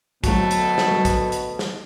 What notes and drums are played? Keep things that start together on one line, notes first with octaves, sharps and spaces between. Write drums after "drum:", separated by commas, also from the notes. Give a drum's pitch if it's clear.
D2 B2 F#3 A3 F#4, drum: kick, hi-hat
drum: hi-hat
drum: snare
drum: tom F#3
drum: kick, hi-hat
drum: hi-hat
drum: snare